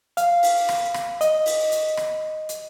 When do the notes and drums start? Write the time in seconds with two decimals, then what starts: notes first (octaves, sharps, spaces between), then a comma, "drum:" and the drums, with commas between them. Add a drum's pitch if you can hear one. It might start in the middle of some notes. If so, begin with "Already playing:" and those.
0.17 F5, drum: hi-hat
0.43 drum: open hi-hat
0.69 drum: rim click
0.94 drum: rim click
1.21 D#5, drum: hi-hat
1.46 drum: open hi-hat
1.72 drum: hi-hat
1.97 drum: rim click
2.49 drum: hi-hat